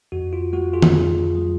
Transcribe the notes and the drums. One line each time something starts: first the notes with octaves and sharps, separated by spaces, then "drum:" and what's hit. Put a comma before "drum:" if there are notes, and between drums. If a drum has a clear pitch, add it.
F2 F#4
F4
G#3 F#4
F4 G#4
drum: tom
F2
F#3